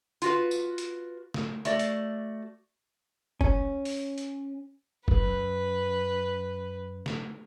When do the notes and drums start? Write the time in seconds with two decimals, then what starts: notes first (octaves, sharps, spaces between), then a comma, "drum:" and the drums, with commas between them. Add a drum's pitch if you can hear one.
0.22 F4 F#4 B4, drum: hi-hat
0.51 drum: tambourine
0.78 drum: hi-hat
1.34 drum: snare
1.65 A3 F#4 D5, drum: hi-hat
1.79 drum: hi-hat
3.41 C#4, drum: kick
3.85 drum: open hi-hat
4.18 drum: hi-hat
5.08 F#2 B4, drum: kick
7.06 drum: snare